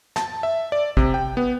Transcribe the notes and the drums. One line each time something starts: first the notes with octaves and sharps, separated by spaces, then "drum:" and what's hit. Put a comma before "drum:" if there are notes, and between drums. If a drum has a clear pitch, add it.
A5, drum: snare
E5
D5
C3, drum: kick
G5
B3